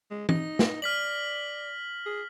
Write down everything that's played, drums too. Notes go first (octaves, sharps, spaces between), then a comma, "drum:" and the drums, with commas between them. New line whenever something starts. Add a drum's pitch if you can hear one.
G#3
D#4 A#6, drum: tom
drum: snare
D5 F6 B6 F#7
G#4